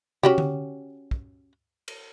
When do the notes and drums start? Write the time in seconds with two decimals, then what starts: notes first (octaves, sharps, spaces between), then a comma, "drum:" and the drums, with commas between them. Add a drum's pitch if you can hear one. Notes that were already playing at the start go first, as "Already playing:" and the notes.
0.23 C#4 F#4 G4, drum: tom
0.38 drum: tom D3
1.11 drum: kick
1.88 drum: cymbal